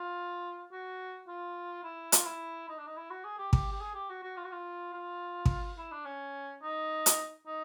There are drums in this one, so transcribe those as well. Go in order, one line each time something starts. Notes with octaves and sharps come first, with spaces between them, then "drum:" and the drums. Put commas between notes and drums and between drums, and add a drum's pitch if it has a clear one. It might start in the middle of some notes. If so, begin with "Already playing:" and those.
Already playing: F4
F#4
F4
E4
F4, drum: hi-hat
E4
D#4
D4
D#4
E4
F#4
G#4
G4
G4, drum: kick
G4
G#4
G4
F#4
F#4
F4
F#4
F4
F4
drum: kick
E4
D4
C#4
D#4
drum: hi-hat
D#4